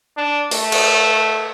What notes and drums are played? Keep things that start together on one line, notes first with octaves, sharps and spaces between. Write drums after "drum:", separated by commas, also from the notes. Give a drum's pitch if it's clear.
D4
A3, drum: open hi-hat
drum: cymbal